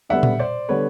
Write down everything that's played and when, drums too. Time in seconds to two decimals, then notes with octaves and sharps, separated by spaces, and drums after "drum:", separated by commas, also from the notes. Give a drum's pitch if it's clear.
0.09 D3 G3 B3 E5 F#5
0.23 drum: tom A#2
0.39 C5 D5
0.69 D3 G3 B3 B4 C#5